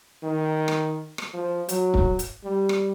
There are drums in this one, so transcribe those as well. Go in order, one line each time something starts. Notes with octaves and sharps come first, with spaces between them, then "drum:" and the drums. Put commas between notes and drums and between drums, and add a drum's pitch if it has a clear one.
D#3
drum: rim click
drum: rim click
F3
F#3, drum: hi-hat
drum: kick
drum: hi-hat
G3
drum: rim click